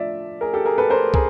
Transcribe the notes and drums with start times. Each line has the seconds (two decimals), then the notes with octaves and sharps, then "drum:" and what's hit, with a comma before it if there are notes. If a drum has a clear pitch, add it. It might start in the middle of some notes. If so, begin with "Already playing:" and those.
Already playing: F3 A3 D4 F4 D5 E5
0.41 G#4 A#4
0.53 G4 A4
0.65 G#4 A#4
0.78 A4 B4
0.90 A#4 C5
1.14 G#4 A#4, drum: kick